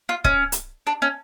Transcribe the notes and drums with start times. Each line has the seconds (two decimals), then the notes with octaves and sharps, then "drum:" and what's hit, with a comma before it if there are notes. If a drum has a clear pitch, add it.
0.09 F4
0.24 C#4, drum: kick
0.52 drum: hi-hat
0.87 D4
1.02 C#4